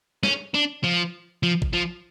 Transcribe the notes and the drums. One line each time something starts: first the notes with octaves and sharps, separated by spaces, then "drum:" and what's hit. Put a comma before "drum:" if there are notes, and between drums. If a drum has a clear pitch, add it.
C#4, drum: snare
D4
F3
F3
drum: kick G#1
F3